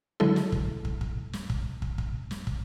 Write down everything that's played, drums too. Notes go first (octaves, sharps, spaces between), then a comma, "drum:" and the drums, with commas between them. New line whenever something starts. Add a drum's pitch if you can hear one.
D3 F#3 G#3 E4 A4
drum: snare
drum: kick
drum: kick
drum: kick
drum: snare
drum: kick
drum: kick
drum: kick
drum: snare
drum: kick